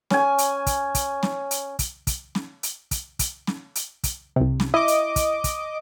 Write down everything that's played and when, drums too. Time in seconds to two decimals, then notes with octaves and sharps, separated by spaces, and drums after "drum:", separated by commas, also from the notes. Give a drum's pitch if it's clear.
0.10 C#4 G#5, drum: snare
0.38 drum: hi-hat
0.66 drum: kick, hi-hat
0.95 drum: kick, hi-hat
1.23 drum: snare
1.51 drum: hi-hat
1.79 drum: kick, hi-hat
2.07 drum: kick, hi-hat
2.35 drum: snare
2.63 drum: hi-hat
2.91 drum: kick, hi-hat
3.19 drum: kick, hi-hat
3.47 drum: snare
3.75 drum: hi-hat
4.04 drum: kick, hi-hat
4.36 C2 C3
4.60 drum: snare
4.74 E4 D#5 D6
4.88 drum: hi-hat
5.16 drum: kick, hi-hat
5.44 drum: kick, hi-hat